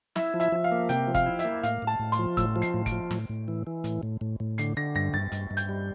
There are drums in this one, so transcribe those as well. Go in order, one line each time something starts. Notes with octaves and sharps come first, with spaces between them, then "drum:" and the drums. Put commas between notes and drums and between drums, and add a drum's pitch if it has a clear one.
E4 E5, drum: snare
F3
E5, drum: hi-hat
F3
F5
A#3
C3 G5, drum: hi-hat
F3
F5, drum: kick G1, hi-hat
E4
E5, drum: hi-hat
A#3
A2 F5, drum: hi-hat
A2
A5
A2
C6, drum: hi-hat
F3
A2 E6, drum: kick G1, hi-hat
F3
C7, drum: hi-hat
A2
D7, drum: kick G1, hi-hat
F3
A2, drum: snare
A2
E3
E3
A2, drum: hi-hat
A2
A2
A2
D3 C7, drum: hi-hat
D3 A#6
G2 A#6
G2 A6
G2, drum: hi-hat
G2
G6, drum: hi-hat
G3